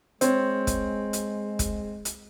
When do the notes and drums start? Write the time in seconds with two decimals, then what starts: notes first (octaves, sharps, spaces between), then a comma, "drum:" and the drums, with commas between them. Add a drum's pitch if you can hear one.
0.21 G#3 C4 C#5, drum: hi-hat
0.67 drum: kick, hi-hat
1.13 drum: hi-hat
1.59 drum: kick, hi-hat
2.05 drum: hi-hat